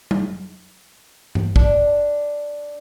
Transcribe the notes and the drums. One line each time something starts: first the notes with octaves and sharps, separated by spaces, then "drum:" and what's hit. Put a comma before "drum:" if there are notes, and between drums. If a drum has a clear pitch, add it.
drum: tom F#3
drum: tom G2
D4, drum: kick